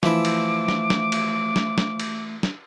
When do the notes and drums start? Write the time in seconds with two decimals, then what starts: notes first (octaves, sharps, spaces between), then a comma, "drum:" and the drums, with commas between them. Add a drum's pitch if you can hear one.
0.03 E3 F3 A3 E4 E5 D6, drum: snare
0.25 drum: cymbal
0.68 drum: snare
0.90 drum: snare
1.12 drum: cymbal
1.56 drum: snare
1.78 drum: snare
2.00 drum: cymbal
2.43 drum: snare